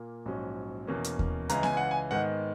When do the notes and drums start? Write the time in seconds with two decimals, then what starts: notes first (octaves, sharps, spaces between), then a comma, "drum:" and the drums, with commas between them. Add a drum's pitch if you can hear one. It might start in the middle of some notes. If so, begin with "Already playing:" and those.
Already playing: A#2 A#3
0.26 A#1 G#2 F#3 C#4
0.87 E2 B2 A#3 C#4
1.04 drum: hi-hat
1.19 drum: kick D#2
1.49 C#2 C#3 E3 G#3 A#5, drum: hi-hat
1.63 G#5, drum: snare B3
1.77 F#5
1.91 G#5
2.11 G#2 D#3 G#3 B3 F#5